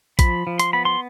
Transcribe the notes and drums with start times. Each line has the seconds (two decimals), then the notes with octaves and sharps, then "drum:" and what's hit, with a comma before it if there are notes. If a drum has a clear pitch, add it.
0.19 F3 B5, drum: kick A#1, hi-hat
0.47 F3
0.60 C6, drum: hi-hat
0.73 B3 B5
0.85 C6